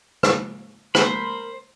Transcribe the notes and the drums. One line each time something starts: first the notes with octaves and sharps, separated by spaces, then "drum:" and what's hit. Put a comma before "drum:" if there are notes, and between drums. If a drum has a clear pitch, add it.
drum: rim click
A#4 C5 B5 C6, drum: rim click